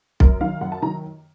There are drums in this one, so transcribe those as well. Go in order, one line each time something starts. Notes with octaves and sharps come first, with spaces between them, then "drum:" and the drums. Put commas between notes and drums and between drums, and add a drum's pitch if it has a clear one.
F#2 A#4, drum: kick B1
D#3 F#3 F5
F#2 F#5
A5
D#3 F#3 A#5